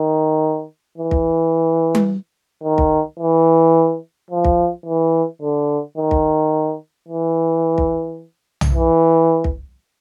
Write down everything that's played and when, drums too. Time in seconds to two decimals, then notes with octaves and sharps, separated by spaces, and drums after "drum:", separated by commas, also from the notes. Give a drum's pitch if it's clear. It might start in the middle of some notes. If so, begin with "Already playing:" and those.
Already playing: D#3
0.98 E3
1.11 drum: kick
1.95 drum: tom G3
2.63 D#3
2.78 drum: kick
3.19 E3
4.31 F3
4.45 drum: kick
4.86 E3
5.42 D3
5.97 D#3
6.11 drum: kick
7.08 E3
7.78 drum: kick
8.61 drum: tom
8.75 E3
9.44 drum: kick